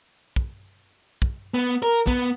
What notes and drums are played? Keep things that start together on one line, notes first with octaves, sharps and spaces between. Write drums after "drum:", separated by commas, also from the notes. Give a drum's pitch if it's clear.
drum: kick
drum: kick
B3
A#4
B3, drum: kick